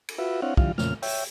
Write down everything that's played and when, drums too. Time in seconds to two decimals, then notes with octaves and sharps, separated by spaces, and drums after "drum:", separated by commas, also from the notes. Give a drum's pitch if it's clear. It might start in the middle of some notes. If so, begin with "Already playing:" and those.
0.09 drum: cymbal
0.18 F4 F#4 B4 E5
0.42 C4 D4 E4 C#5 F5 F#5
0.57 D3 E3 G3 F4 F5, drum: kick
0.78 F2 A#2 C#3 F6, drum: snare A3
1.02 C#5 E5 G5, drum: open hi-hat